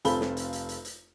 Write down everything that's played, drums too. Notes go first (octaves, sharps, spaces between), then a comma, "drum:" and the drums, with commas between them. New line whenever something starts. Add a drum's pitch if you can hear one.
F1 C4 F4 A4 B5 G7, drum: hi-hat
drum: snare
drum: hi-hat
drum: hi-hat
drum: hi-hat
drum: hi-hat